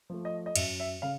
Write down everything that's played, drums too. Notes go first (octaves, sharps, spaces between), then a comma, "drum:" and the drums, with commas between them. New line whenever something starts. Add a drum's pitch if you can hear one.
F3 A3
D#5
D#5
F#2 E5, drum: cymbal
E5
C#3 F5